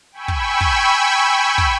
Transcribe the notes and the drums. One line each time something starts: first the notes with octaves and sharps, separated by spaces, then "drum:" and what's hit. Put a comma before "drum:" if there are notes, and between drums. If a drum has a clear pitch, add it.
G5 G#5 B5 C#6 E6
drum: kick
drum: kick
drum: kick